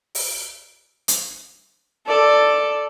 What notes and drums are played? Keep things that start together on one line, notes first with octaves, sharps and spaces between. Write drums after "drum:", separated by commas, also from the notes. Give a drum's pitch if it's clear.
drum: open hi-hat
drum: hi-hat
A4 D5